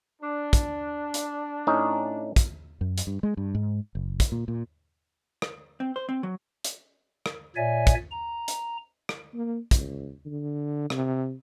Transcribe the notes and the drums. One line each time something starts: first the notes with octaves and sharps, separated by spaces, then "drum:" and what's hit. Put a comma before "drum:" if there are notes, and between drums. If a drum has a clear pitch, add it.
D4
drum: kick, hi-hat
drum: hi-hat
A2 C#4 D#4
drum: kick, hi-hat
F#2
drum: hi-hat
G2
G#3
G2
G#2
F#1
drum: kick, hi-hat
A#2
A#2
drum: rim click
C4
C5
C4
F#3
drum: hi-hat
drum: rim click
A#2 C#5 D5 E5 G#5
drum: kick, hi-hat
A#5
drum: hi-hat
drum: rim click
A#3
C#2, drum: kick, hi-hat
D3
C3, drum: rim click